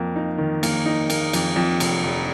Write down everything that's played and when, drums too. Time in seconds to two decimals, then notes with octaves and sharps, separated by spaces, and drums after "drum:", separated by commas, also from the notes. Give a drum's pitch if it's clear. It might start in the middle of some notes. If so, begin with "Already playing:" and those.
Already playing: F2 A#3
0.16 D#4
0.38 D#3
0.63 A#3, drum: cymbal
0.86 D#4
1.10 A#3, drum: cymbal
1.33 F2, drum: cymbal
1.56 F2
1.80 F1, drum: cymbal
2.04 F1